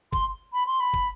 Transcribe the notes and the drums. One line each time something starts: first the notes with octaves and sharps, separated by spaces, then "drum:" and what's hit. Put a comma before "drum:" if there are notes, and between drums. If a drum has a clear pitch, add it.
C6, drum: kick
B5
C6
B5
drum: kick